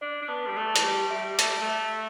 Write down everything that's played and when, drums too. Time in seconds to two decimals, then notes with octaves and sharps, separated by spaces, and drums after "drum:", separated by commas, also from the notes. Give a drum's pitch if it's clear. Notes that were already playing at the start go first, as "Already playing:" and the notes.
0.01 D4 D5
0.22 D4
0.29 B3 A5
0.47 G3
0.56 A3 A5
0.76 E3, drum: hi-hat
0.83 G3 G4
1.10 G3 E5
1.39 A3 A5, drum: hi-hat
1.50 G3
1.61 A3 E5
1.93 E5